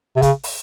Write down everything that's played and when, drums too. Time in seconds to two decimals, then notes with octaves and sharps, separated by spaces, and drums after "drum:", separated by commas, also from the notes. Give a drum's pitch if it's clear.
0.16 C3
0.22 C#3, drum: kick, hi-hat
0.44 drum: open hi-hat